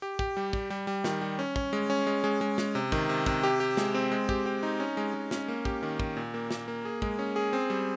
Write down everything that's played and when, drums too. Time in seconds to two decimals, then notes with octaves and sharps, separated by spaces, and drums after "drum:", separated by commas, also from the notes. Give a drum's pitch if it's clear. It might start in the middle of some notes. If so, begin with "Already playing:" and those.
0.02 G4
0.19 G4, drum: kick
0.37 G3
0.53 G3, drum: kick
0.70 G3
0.87 G3
1.04 D#3, drum: snare
1.21 G3
1.39 C#4
1.56 C#4, drum: kick
1.73 G#3
1.90 C#4
2.07 G#3
2.24 G#3
2.41 G#3
2.58 G#3, drum: snare
2.75 C3
2.92 D#3, drum: kick
3.09 C3
3.26 C3, drum: kick
3.43 G4
3.60 G4
3.77 G#3, drum: snare
3.94 C4
4.12 G#3
4.29 G4, drum: kick
4.46 G4
4.63 D#4
4.80 C#4
4.97 G#3
5.14 G#3
5.31 C#4, drum: snare
5.48 A#3
5.65 G4, drum: kick
5.83 D#3
6.00 D#3, drum: kick
6.17 A#2
6.34 A#3
6.51 A#3, drum: snare
6.68 A#3
6.85 G#4
7.02 G#3, drum: kick
7.19 C#4
7.36 G#4
7.53 C4
7.70 G3